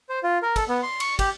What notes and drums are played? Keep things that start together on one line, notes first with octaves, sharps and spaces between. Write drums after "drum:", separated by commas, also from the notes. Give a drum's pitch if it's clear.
C5
F4
A#4
A4, drum: kick, cymbal
B3
C6
C#6, drum: cymbal
G4, drum: kick, cymbal